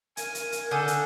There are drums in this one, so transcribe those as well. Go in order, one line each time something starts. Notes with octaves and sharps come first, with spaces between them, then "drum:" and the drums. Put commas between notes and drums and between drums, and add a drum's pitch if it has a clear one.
A#4 G#5, drum: hi-hat
drum: hi-hat
drum: hi-hat
D3 A4 G#5 D#6 G6
drum: hi-hat